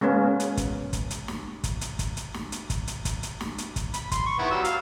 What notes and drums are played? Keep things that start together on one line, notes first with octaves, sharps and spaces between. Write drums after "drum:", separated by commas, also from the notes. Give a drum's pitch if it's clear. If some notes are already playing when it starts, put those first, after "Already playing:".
G#3 A#3 B3 C#4
drum: hi-hat
drum: kick, hi-hat
drum: kick, hi-hat
drum: hi-hat
drum: snare
drum: kick, hi-hat
drum: hi-hat
drum: kick, hi-hat
drum: hi-hat
drum: snare
drum: hi-hat
drum: kick, hi-hat
drum: hi-hat
drum: kick, hi-hat
drum: hi-hat
drum: snare
drum: hi-hat
drum: kick, hi-hat
B5, drum: hi-hat
C6, drum: kick, hi-hat
C#6
D#3 B3 E4
F#3 G3 E6
F5, drum: hi-hat